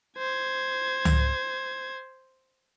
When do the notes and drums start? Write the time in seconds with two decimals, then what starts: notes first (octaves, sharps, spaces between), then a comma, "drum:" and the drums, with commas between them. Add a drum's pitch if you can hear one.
0.18 C5 G#6
1.05 drum: tom C#2